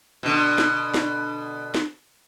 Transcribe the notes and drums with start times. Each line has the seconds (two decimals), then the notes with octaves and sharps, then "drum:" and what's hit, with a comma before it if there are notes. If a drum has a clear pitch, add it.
0.23 B2 D3
0.58 drum: snare
0.94 drum: snare
1.74 drum: snare